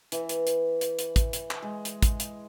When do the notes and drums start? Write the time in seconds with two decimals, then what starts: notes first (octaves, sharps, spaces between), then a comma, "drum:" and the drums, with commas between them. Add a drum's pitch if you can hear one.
0.12 E3, drum: hi-hat
0.29 drum: hi-hat
0.47 drum: hi-hat
0.81 drum: hi-hat
0.99 drum: hi-hat
1.16 drum: kick, hi-hat
1.33 drum: hi-hat
1.51 drum: clap
1.62 G#3
1.85 drum: hi-hat
2.02 drum: kick, hi-hat
2.20 drum: hi-hat